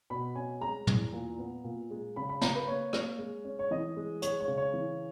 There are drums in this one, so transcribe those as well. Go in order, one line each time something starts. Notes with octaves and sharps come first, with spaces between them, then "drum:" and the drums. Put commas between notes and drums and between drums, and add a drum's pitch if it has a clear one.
B2 B5
C#4 G#5
G#3 A#5
E2, drum: tom
A#2
B3
A#2
G#3
C#3 B5
B5
C#3 A#5, drum: snare
B4
A#3 C#5
A#3, drum: rim click
G#3
C#4
C#5
E3 D#5
G#3
G#3 C#5, drum: hi-hat
C#5
C#3
C#5
E3